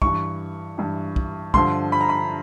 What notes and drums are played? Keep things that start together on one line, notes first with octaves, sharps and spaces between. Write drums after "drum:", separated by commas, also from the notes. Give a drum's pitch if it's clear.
G2 E3 C#6, drum: kick
G2 E3
drum: kick
G2 D3 F3 C6, drum: kick
B5
A#5
B5